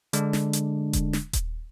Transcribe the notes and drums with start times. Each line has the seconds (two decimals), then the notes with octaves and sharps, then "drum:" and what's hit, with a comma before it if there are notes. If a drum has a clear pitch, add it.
0.13 D3 G#3 D4, drum: hi-hat
0.33 drum: snare
0.53 drum: hi-hat
0.93 drum: kick D#1, hi-hat
1.13 drum: snare
1.33 drum: kick D#1, hi-hat